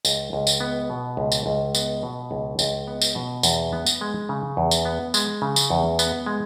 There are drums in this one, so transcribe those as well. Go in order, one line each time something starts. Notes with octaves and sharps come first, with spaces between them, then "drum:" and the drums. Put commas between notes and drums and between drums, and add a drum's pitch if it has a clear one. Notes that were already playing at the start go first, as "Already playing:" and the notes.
C#2, drum: tambourine
C#2
drum: tambourine
B3
B2
C#2
drum: tambourine
C#2
B3, drum: tambourine
B2
C#2
C#2, drum: tambourine
B3
drum: tambourine
B2
E2, drum: tambourine
B3
drum: tambourine
G#3
C#3
E2
drum: tambourine
B3
G#3, drum: tambourine
C#3
drum: tambourine
E2
B3, drum: tambourine
G#3